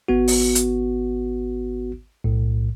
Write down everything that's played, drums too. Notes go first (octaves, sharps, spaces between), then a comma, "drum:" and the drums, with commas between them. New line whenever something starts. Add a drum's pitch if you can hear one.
G#1 B3 F#4
drum: open hi-hat
drum: hi-hat
B1 A2